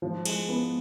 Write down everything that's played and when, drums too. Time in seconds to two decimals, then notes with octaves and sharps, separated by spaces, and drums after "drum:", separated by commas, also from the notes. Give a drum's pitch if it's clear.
0.02 F3
0.25 G#3, drum: cymbal
0.49 B3